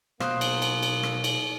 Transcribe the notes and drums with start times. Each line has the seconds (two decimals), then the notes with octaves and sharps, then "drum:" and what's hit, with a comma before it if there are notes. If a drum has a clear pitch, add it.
0.20 A#1 B2 F#3 A#3 C5 F5 D#6 F#6, drum: rim click
0.41 drum: cymbal
0.62 drum: cymbal
0.83 drum: cymbal
1.03 drum: rim click
1.24 drum: cymbal